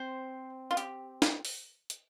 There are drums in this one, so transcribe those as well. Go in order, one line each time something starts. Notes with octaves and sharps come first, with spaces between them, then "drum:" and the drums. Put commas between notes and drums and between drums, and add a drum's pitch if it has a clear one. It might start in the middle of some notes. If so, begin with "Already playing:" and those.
Already playing: C4 C5
F4
G4, drum: hi-hat
drum: snare
drum: open hi-hat
drum: hi-hat